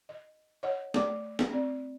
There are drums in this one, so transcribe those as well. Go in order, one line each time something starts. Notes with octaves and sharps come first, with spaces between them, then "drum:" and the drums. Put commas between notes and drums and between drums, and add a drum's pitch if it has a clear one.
D#5
C#5 D#5 F#5
A3 D5 D6, drum: snare
drum: snare
C4 D5